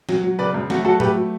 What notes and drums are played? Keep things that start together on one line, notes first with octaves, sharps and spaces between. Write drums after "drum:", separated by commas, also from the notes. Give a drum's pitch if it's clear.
F#3, drum: snare
F#3
C#3 B4 D5
F#2
A3 F#4, drum: snare
F#3 F#4 A4
A3 G4 B4, drum: tom
F#3